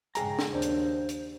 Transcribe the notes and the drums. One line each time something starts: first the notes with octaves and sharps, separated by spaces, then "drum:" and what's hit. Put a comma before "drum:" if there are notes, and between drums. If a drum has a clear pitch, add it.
G#2 C#3 G#4 G5 A#5, drum: hi-hat
drum: snare
D#2 D4 C5
drum: hi-hat
drum: hi-hat